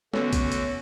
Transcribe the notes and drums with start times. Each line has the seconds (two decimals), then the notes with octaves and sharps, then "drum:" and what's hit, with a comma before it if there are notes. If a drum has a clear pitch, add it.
0.14 D3 A3 B3 C#4 F#4 A4, drum: snare
0.33 drum: kick B1, hi-hat
0.52 drum: hi-hat